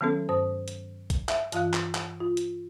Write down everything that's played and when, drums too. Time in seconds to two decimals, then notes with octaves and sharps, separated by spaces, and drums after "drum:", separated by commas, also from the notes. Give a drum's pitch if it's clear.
0.01 D#3 F#3 B3 C#4 A4
0.29 G2 C5 D#6
0.68 drum: hi-hat
1.10 drum: kick A#1, hi-hat
1.29 E5, drum: clap
1.52 G2 E3 F4 F5 F#6, drum: hi-hat
1.74 drum: clap
1.95 drum: clap
2.20 F4
2.37 drum: hi-hat